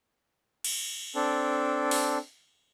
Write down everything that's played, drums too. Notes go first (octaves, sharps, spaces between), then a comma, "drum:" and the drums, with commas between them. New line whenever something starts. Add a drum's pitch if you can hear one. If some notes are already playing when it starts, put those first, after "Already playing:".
drum: cymbal
C4 D4 A4
drum: open hi-hat